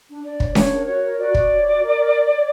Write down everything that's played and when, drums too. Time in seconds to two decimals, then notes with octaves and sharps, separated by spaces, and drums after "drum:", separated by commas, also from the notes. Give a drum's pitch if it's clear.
0.08 D4
0.24 D4 D5
0.40 C#5, drum: kick
0.55 D4 C#5, drum: snare C#4
0.71 A#4
0.87 F#4 C#5
1.04 A#4
1.19 F#4 D5
1.34 F#4, drum: kick
1.50 C#5
1.67 F#4
1.82 A#4
1.98 A#4
2.14 A#4
2.30 C#5